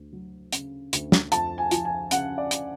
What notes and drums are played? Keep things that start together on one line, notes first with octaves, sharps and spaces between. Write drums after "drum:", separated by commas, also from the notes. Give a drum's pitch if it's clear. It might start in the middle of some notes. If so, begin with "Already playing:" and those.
Already playing: D2
F#3
C#3, drum: hi-hat
D2, drum: hi-hat
drum: snare
F2 A5, drum: hi-hat
G#5
F3, drum: hi-hat
G#5
C#3 F#5, drum: hi-hat
D5
drum: hi-hat